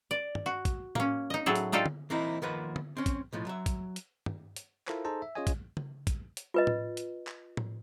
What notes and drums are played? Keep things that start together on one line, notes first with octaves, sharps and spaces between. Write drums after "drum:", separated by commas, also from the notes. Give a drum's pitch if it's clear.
D5
drum: tom
F#4
drum: kick, hi-hat
A#3 C#4, drum: tom A2
D#4 D#5
A2 F#3 G#4 A4
drum: hi-hat
D4 D#4 F4 G4 A4
drum: tom D3
E3 A#3 C4 D#4 E4
D#3 F3 A#3 B4 F#5
drum: tom D3
C4 C#4
drum: kick, hi-hat
B1 A2 F3
F#3 E5
drum: kick, hi-hat
drum: hi-hat
drum: tom
drum: hi-hat
E4 F4 A4 A#4 C5, drum: clap
D#4 G#4 A4 C5 A5 A#5
E5
C#4 F4 G#4 C#5 D#5 G#5
drum: kick, hi-hat
drum: tom C#3
drum: kick, hi-hat
drum: hi-hat
F4 B4 D#5
drum: tom A2
drum: hi-hat
drum: clap
drum: tom A2